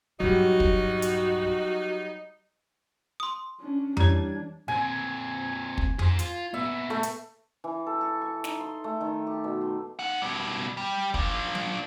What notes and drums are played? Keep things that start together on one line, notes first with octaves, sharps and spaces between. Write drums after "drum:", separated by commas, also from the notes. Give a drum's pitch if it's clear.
A#1 G2 F#3 G3 D#4 F#4
drum: kick
drum: hi-hat
C6 D#6
C#4 D4
E3 G3 D4 C#5 A#5 G#6, drum: tom F2
A#2 C4 G#5
drum: kick
G#4 C5, drum: tom F2
F4, drum: hi-hat
A#2 B3 E5
A3
drum: hi-hat
E3
A4
C#6
C#6
D#4, drum: snare
C6
A3
D#3
G4
B2
C6
A#3 F#5
B2 G3
G3
F3 D4, drum: kick
drum: tom F#3